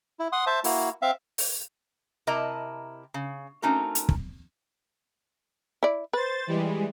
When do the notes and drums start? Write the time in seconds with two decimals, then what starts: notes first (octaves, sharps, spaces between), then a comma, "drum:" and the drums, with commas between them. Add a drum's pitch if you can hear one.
0.19 E4
0.32 F#5 C6 D#6
0.47 C5 E5 A5
0.64 A#3 E4 F#4, drum: open hi-hat
1.02 C4 E5 F5
1.38 drum: open hi-hat
2.27 C3 E4 A#4 D#5 A5 A#5
3.14 C#3
3.62 A3 C4 C#4 D#4 F#4 A#4
3.95 drum: hi-hat
4.09 drum: kick
5.83 E4 D5
6.13 B4 C5 A6
6.47 E3 G3 G#3